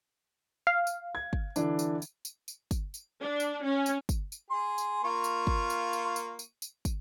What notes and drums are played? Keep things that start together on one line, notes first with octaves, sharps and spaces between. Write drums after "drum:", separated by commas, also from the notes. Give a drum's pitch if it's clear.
F5
drum: tambourine
G#6
drum: kick
D3 E3 D4, drum: tambourine
drum: tambourine
drum: tambourine
drum: tambourine
drum: tambourine
drum: kick, tambourine
drum: tambourine
D4
drum: tambourine
C#4
drum: tambourine
drum: kick, tambourine
drum: tambourine
G#4 C6
drum: tambourine
A#3 F4 C#6
drum: tambourine
drum: kick
drum: tambourine
drum: tambourine
drum: tambourine
drum: tambourine
drum: tambourine
drum: kick, tambourine